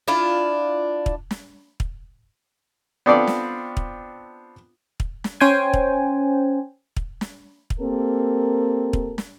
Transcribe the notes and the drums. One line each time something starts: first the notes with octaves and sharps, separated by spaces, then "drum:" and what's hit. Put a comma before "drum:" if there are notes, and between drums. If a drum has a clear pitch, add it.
D4 E4 F4
drum: kick
drum: snare
drum: kick
B3 C4 D4 F4 A4 D5
drum: snare
drum: kick
drum: kick
drum: snare
C#4 C5 G5 G#5
drum: kick
drum: kick
drum: snare
drum: kick
A#3 C4 G4 A4 A#4
drum: kick
drum: snare